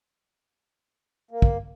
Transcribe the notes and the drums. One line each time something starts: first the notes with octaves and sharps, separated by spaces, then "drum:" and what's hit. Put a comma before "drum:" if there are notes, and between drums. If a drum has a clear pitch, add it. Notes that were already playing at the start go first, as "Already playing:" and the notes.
A#3
drum: kick